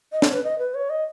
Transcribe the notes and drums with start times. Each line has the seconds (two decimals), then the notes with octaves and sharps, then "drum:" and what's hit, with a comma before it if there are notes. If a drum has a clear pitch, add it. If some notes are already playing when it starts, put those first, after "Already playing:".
0.12 D#5
0.22 C#5, drum: snare
0.33 B4
0.44 D#5
0.59 B4
0.74 C#5
0.90 D#5